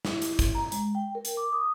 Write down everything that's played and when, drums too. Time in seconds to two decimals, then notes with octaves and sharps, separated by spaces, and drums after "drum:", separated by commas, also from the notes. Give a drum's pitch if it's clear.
0.05 E4, drum: snare
0.22 drum: hi-hat
0.39 drum: kick, hi-hat
0.55 A#5
0.72 G#3, drum: hi-hat
0.95 G5
1.15 A#4
1.25 drum: hi-hat
1.37 D6
1.53 D#6